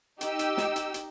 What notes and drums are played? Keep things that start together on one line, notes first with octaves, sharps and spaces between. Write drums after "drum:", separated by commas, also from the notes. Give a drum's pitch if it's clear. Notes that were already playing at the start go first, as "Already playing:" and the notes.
D#4 G4 E6, drum: hi-hat
drum: hi-hat
drum: snare
drum: hi-hat
drum: hi-hat